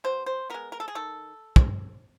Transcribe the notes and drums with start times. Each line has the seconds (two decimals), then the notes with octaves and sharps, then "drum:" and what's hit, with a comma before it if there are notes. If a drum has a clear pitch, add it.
0.04 B2 C5
0.26 C5
0.50 G#3 B3 A#4
0.72 A#4
0.80 A4
0.88 G#4
0.95 D#3 A4
1.56 drum: kick